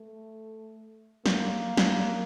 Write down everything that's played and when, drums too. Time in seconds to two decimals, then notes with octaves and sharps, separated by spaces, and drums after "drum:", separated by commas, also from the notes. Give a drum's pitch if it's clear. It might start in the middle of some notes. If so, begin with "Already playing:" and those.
Already playing: A3
1.26 A#3, drum: snare
1.77 drum: snare